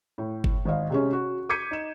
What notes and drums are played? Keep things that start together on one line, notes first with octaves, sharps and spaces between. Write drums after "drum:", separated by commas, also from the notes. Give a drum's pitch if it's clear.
A2
drum: kick G1
G#1 D#5 F5
C3 G#3 C#4
F#4
D6 G6 G#6 B6 C#7 D#7
D#4 E7